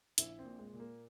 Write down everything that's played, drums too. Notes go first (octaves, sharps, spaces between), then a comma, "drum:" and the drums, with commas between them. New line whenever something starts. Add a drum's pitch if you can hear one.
A#1 E4, drum: hi-hat
C4
A#2
G#3
A#2
A#3